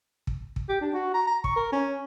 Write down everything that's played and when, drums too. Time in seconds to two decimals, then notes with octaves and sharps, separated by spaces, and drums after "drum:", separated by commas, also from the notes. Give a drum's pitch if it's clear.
0.27 drum: kick
0.56 drum: kick
0.69 G4
0.81 D4
0.94 F#4
1.14 A#5
1.27 A#5
1.44 C#6, drum: kick
1.56 A#4
1.72 C#4